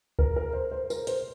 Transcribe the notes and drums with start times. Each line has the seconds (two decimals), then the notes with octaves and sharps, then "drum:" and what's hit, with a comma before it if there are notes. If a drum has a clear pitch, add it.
0.19 A#4, drum: kick C#2
0.36 A#4
0.53 C5
0.71 C5
0.90 A#4, drum: tambourine
1.07 C5, drum: hi-hat